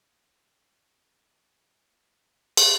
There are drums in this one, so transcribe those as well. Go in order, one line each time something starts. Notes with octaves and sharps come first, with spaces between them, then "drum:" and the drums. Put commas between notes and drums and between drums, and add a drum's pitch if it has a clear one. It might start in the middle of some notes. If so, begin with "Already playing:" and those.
D5 F5
drum: cymbal